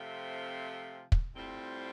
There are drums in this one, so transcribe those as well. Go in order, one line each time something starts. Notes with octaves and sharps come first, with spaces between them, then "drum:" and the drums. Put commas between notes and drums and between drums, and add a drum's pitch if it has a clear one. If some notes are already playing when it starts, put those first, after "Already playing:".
Already playing: C3 F3 A3 C4 F4
drum: kick
A2 G3 C4 F4